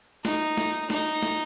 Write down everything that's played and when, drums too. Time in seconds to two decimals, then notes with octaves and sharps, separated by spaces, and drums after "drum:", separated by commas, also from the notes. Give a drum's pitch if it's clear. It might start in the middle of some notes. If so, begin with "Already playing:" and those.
0.25 D#4, drum: snare
0.57 drum: snare
0.90 D#4, drum: snare
1.22 drum: snare